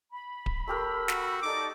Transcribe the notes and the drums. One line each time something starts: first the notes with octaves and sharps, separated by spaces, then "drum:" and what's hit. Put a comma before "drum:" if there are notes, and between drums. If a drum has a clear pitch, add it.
B5
drum: kick D1
A3 G4 A#4 E6
F#4, drum: snare
D#4 A4 D5 D6